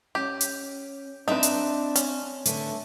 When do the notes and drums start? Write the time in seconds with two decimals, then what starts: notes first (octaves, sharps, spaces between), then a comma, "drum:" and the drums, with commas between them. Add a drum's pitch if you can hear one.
0.15 C#4 G4
0.41 drum: hi-hat
1.28 C4 D4 D#4 B4 D5 E5
1.43 drum: hi-hat
1.96 C#4, drum: hi-hat
2.46 D3 A3 B3, drum: hi-hat